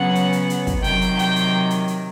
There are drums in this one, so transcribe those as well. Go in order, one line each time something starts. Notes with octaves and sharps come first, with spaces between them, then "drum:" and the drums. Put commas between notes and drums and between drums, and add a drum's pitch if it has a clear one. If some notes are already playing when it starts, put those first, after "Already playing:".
Already playing: C#3 F#3 B3 F#5
drum: hi-hat
drum: hi-hat
drum: hi-hat
drum: kick, hi-hat
C3 D#3 F#3 G5, drum: hi-hat
drum: hi-hat
G5, drum: hi-hat
drum: hi-hat
drum: hi-hat
drum: hi-hat